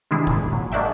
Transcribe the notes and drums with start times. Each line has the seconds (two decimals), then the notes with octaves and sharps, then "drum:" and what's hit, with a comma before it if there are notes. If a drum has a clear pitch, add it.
0.11 C3 D#3 G#3 D4 E4 G#4
0.27 G#1 A#2, drum: kick
0.53 F#3
0.72 G#3 A#3 D4 F#4 E5 G5